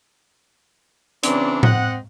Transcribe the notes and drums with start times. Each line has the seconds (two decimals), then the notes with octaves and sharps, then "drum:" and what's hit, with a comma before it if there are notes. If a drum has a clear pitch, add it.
1.23 C#3 E3 C4 D4, drum: hi-hat
1.63 C4 D#5 F#5, drum: tom A2